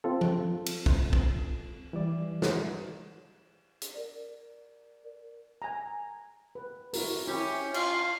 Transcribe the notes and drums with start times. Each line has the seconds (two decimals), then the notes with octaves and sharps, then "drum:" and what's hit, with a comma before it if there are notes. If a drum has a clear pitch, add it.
0.04 C4 F4 A4
0.21 drum: tom
0.66 drum: cymbal
0.86 drum: kick
1.13 drum: kick
1.93 E3 G3 D5
2.42 drum: snare
3.82 drum: hi-hat
3.94 A#4 D5
5.62 G#5 A#5
6.55 B4
6.93 E4 F#4 A#4, drum: open hi-hat
7.28 C#4 E4 G4
7.74 F4 F5, drum: cymbal